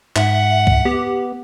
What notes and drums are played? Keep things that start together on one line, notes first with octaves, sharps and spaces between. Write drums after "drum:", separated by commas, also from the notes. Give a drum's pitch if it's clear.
G#2 E5 F#5, drum: clap
drum: kick C2
B3 G4